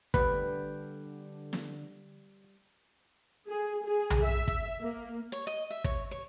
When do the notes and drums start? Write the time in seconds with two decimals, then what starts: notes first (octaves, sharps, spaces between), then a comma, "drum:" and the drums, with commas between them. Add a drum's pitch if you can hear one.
0.14 D3 G3 B3 B4, drum: kick
1.53 drum: snare
3.48 G#4
3.85 G#4
4.10 drum: tom B1
4.24 E5
4.48 drum: kick
4.82 A#3
5.32 C#5
5.47 D#5
5.70 E5
5.84 C#5, drum: kick
6.11 C#5